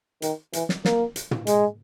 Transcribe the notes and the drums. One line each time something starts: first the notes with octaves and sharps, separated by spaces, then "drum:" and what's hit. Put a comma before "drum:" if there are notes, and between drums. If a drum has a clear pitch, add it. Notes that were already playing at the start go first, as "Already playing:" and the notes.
D#3, drum: hi-hat
E3, drum: hi-hat
drum: snare
A#3, drum: snare
drum: hi-hat
drum: tom
G#3, drum: hi-hat